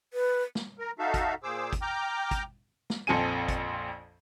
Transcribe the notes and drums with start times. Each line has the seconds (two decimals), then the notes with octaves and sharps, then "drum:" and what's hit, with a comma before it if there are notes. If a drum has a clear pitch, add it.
0.13 B4
0.55 drum: snare
0.79 A#4
0.99 D#4 F#4 A4 E5 F5
1.14 drum: kick, hi-hat
1.43 A#2 G#4 C5 D6 E6
1.73 drum: kick, hi-hat
1.82 G5 A#5 D6 F6 G6
2.31 drum: kick, hi-hat
2.90 drum: snare
3.07 A#1 F2 C4 A4 G#5 D#7
3.48 drum: kick, hi-hat